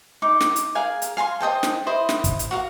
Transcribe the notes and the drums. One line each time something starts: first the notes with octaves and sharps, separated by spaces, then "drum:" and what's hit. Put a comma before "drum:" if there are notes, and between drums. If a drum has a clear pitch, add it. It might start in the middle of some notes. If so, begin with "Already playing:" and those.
D#4 D6
drum: snare
drum: hi-hat
G#4 A#4 F5 G#5
drum: hi-hat
F5 G#5 A#5 C6
C5 D#5 G5 A5
drum: snare
E4 C5 D#5
drum: snare
drum: kick, hi-hat
drum: hi-hat
F#4 A#4 F5